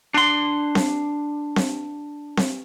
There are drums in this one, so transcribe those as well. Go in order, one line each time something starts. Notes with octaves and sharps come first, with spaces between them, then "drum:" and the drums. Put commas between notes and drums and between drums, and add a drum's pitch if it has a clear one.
D4 C6
drum: snare C4
drum: snare C4
drum: snare C4